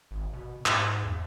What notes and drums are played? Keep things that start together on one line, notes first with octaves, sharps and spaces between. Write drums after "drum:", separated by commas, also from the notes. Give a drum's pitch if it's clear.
G#1
B2
G#2, drum: clap
E2